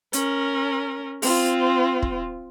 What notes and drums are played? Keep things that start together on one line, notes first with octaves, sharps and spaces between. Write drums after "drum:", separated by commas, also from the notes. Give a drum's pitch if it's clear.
C#4 A#4, drum: hi-hat
C4 F4, drum: open hi-hat
drum: kick